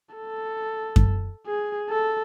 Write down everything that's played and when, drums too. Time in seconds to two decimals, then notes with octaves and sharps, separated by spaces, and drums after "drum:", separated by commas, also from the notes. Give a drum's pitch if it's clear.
0.15 A4
0.96 drum: kick F#2
1.46 G#4
1.90 A4